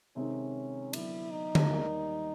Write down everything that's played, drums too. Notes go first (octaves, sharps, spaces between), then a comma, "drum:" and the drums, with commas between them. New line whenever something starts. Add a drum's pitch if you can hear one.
C3 D#3 G#3 C4 C#4 D#4
D3 F#3 B3 D4 E4, drum: cymbal
D#4
drum: tom D3
D#2 D#3 G3